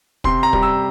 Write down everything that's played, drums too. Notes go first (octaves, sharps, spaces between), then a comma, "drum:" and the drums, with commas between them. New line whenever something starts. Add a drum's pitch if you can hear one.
C3 C6, drum: kick
A#5
G3, drum: kick
E6